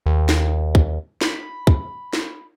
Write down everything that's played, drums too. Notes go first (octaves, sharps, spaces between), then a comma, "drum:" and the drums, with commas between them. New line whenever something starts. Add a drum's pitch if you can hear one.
D#2
drum: snare
drum: kick
B5, drum: snare
drum: kick
drum: snare